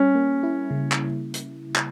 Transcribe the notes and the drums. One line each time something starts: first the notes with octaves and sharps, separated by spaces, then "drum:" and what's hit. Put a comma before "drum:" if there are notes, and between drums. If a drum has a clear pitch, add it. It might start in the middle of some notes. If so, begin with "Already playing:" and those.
Already playing: G3 C#4
A#3
E4
C#3
drum: clap
drum: hi-hat
drum: clap